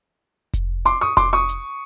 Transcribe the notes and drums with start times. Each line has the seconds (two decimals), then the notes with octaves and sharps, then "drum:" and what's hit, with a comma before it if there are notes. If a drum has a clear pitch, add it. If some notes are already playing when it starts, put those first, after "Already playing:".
0.53 drum: kick F1, hi-hat
0.85 C6 D6, drum: hi-hat
1.01 C#6 D#6
1.17 C6 D6, drum: kick F1, hi-hat
1.33 C#6 D#6
1.49 drum: hi-hat